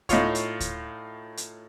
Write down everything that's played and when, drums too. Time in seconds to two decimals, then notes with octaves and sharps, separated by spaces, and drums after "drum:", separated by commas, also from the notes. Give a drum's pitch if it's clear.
0.09 A2 D#4 F4 C#5, drum: kick D2, hi-hat
0.35 drum: hi-hat
0.60 drum: kick D2, hi-hat
1.37 drum: hi-hat